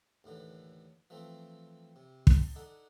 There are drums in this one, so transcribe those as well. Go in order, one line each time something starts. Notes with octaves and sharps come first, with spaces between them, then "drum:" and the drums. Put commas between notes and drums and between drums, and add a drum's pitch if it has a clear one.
D#2 A2 D3 E3
E3 F3 A3 C4
C3
drum: kick
D4 D#4 A4 F#5